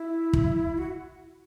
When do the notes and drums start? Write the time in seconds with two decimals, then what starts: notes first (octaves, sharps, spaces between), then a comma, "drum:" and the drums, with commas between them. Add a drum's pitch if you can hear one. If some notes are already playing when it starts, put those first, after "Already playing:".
Already playing: E4
0.33 drum: kick
0.78 F#4